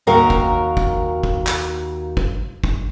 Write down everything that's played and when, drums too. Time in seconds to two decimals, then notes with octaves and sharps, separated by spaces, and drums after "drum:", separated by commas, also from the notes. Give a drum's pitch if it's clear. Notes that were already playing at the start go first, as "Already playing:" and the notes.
0.07 D#2 F#4 A#4 F5 A#5
0.30 drum: kick
0.77 drum: kick
1.23 drum: kick
1.47 drum: clap
2.17 drum: kick
2.64 drum: kick